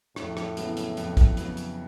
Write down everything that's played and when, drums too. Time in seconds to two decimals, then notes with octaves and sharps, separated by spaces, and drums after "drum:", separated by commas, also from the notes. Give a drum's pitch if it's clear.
0.16 F2 A2, drum: rim click
0.37 drum: rim click
0.57 C#3 F#3 B3 E4, drum: hi-hat
0.77 drum: hi-hat
0.97 F2, drum: hi-hat
1.17 drum: kick, hi-hat
1.37 C#3 F#3 B3 E4, drum: hi-hat
1.57 drum: hi-hat